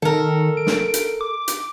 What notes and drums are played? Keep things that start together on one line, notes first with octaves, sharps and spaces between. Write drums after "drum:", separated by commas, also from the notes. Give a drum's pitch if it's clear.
D#3 A4 A#4
D7
drum: snare
drum: hi-hat
D6
drum: hi-hat